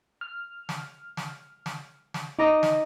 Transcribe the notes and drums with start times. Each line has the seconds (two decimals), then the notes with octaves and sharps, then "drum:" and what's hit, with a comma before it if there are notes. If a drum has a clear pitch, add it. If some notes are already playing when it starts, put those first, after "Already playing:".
0.21 F6
0.69 drum: snare
1.17 drum: snare
1.66 drum: snare
2.14 drum: snare
2.39 D#4 D#5 A#5 D6
2.63 drum: snare